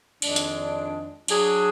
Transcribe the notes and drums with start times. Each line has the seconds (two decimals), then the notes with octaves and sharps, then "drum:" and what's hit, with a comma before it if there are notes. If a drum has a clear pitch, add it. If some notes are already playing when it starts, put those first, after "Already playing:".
0.22 F2 D#3 G#3 D4, drum: cymbal
0.36 drum: hi-hat
1.28 F#3 D4 G#4, drum: cymbal